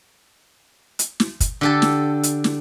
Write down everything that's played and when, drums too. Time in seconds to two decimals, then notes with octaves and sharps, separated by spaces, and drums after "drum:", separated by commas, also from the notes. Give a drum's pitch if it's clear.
0.99 drum: hi-hat
1.20 drum: snare
1.40 drum: kick, hi-hat
1.61 D3 G4 A4
1.82 drum: snare
2.23 drum: hi-hat
2.44 drum: snare